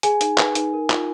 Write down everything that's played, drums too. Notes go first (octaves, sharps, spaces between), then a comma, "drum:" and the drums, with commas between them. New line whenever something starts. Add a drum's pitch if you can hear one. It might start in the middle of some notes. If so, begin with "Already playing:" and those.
G#4 G#5, drum: hi-hat
D#4, drum: hi-hat
B4, drum: clap
D#4, drum: hi-hat
A#4
F4, drum: clap